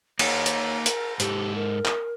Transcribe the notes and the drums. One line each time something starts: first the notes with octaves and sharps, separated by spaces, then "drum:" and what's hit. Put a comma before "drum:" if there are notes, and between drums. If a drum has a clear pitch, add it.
A#3 D#4 C#5, drum: cymbal
drum: hi-hat
A#4, drum: hi-hat
G#2 G4 A4, drum: hi-hat
A#4
drum: clap